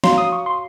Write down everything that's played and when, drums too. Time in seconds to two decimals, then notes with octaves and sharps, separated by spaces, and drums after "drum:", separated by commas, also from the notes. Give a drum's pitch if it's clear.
0.04 F#4 C#5 F5 A#5 C6, drum: snare
0.18 D#6
0.32 C#6
0.46 C6